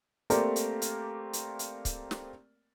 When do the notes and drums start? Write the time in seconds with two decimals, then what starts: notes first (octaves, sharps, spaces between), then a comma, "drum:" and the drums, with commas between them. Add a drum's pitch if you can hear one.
0.30 A3 A#3 C4 G4 A#4 D5, drum: hi-hat
0.56 drum: hi-hat
0.82 drum: hi-hat
1.33 drum: hi-hat
1.59 drum: hi-hat
1.85 drum: kick C#1, hi-hat
2.11 drum: snare